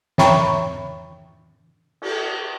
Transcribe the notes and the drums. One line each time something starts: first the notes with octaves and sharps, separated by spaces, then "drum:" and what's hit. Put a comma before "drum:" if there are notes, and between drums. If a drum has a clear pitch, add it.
C#5 E5 G5 A#5 B5 C#6, drum: snare
drum: cymbal